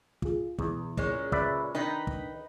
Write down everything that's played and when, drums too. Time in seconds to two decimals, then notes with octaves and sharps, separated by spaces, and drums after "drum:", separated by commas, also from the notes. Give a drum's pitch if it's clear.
0.22 F4 G#4, drum: kick
0.58 E2 B2 E4 G#4, drum: kick
0.97 A#2 G#3 C#4, drum: kick
1.32 C#3 B4 D5 E5, drum: kick
1.75 D#3 D4 D#4 B4 D#5 B6
2.07 drum: kick